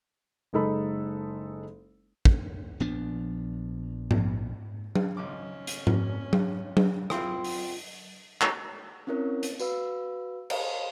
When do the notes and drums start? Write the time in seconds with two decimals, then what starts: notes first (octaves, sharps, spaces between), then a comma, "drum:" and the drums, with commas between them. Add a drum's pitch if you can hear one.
0.53 F#1 G#3 D#4 A4 B5
2.25 drum: kick
2.80 A#1 F3 B3 D4
4.11 drum: tom G#2
4.95 drum: tom F#3
5.17 G#1 C#2 C#4 D6
5.67 drum: hi-hat
5.87 drum: tom G#2
6.33 drum: tom F#3
6.77 drum: tom F#3
7.10 C4 E4 F4 G#4 F5, drum: rim click
7.44 drum: open hi-hat
8.41 drum: clap
9.07 C4 C#4 E4 A#4 C#5
9.43 drum: hi-hat
9.60 F#4 B4 F5 E6, drum: tambourine
10.50 C5 C#5 D#5 F5, drum: cymbal